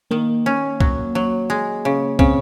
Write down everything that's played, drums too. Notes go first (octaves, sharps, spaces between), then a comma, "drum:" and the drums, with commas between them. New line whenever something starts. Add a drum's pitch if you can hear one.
D#3 A#3
C#4
F#3, drum: kick
F#3
G#3
C#3
C#3 C4, drum: kick